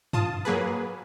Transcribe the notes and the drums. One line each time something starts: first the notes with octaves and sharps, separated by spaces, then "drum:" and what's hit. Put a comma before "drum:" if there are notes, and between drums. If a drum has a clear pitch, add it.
F4 A5 D#6, drum: tom
F#3 A#3 G#4 B4